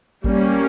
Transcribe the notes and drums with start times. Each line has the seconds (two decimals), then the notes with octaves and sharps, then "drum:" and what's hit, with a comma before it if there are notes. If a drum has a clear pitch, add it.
0.24 G3 A#3 C#4, drum: kick G#1